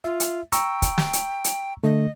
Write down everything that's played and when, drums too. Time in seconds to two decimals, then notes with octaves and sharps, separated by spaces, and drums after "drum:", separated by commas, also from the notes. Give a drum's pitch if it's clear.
0.04 F4 E5
0.20 drum: hi-hat
0.52 G5 A#5 C#6 E6, drum: hi-hat
0.82 drum: kick, hi-hat
0.98 drum: snare
1.13 drum: hi-hat
1.44 drum: hi-hat
1.84 D3 A3 D#5